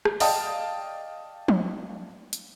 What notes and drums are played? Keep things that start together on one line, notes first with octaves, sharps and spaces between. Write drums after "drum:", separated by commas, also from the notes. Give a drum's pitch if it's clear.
drum: rim click
D5 D#5 F5 G5 A5 D#6, drum: open hi-hat
drum: tom
drum: hi-hat